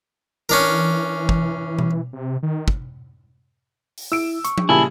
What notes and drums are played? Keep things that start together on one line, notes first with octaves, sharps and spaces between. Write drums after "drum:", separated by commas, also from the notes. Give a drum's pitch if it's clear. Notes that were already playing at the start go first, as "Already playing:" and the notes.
E3 C#4 D4 A#4
drum: kick
drum: tom B2
C3
D#3
drum: kick
drum: open hi-hat
E4 E6 D7
C#6, drum: hi-hat
drum: tom F3
A#2 C#3 G3 E4 G#5 A5 E6